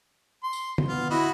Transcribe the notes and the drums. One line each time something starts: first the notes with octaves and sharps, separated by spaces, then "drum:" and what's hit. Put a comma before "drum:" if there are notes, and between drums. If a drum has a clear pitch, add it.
C6
drum: tambourine
drum: tom
B3 F4
E4 F#4 D#5 B5